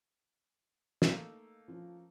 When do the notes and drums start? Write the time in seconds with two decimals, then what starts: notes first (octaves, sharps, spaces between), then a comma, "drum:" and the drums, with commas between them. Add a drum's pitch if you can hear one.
1.02 A3 A#3 D#4 E6, drum: snare
1.68 F3 C#4 F4